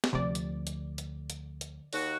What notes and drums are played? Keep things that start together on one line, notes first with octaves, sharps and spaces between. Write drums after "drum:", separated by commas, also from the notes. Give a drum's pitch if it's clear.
drum: snare
D2 C3 F3 D5
drum: hi-hat
drum: hi-hat
drum: hi-hat
drum: hi-hat
drum: hi-hat
D#2 F#4, drum: open hi-hat